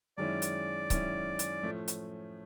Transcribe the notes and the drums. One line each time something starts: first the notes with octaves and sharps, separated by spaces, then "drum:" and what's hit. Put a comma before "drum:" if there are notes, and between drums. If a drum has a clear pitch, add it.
F#2 D#3 G#3 C#4 E4 D5
drum: hi-hat
F#2 D#3 G#3 C#4 E4, drum: kick C#1, hi-hat
drum: hi-hat
A2 F3 A3 C#4
drum: hi-hat